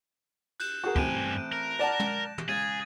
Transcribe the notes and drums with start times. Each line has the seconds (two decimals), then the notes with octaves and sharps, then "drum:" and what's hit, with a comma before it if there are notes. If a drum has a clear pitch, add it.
0.60 F#6 G6 E7, drum: cymbal
0.84 F#4 G#4 A#4
0.96 A1 G2 C4 G#5 D7, drum: kick
1.52 A#4
1.79 D5 F#5 A5 A#6 E7
2.00 drum: tom
2.38 drum: tom
2.49 C#2 G#4 G#6 A6